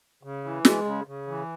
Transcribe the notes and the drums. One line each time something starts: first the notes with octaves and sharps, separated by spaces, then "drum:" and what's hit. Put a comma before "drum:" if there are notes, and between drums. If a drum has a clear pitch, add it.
C#3
E3
G#3, drum: snare
C#3
C#3
E3